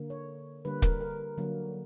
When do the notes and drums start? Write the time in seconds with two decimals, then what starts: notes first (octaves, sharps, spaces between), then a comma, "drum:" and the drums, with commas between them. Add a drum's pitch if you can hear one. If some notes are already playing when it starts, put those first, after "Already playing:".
Already playing: D3 A#3
0.10 C#5
0.65 D3 G3 A#3 B4
0.82 A#4, drum: kick
1.01 A#4
1.38 D3 F#3 A#3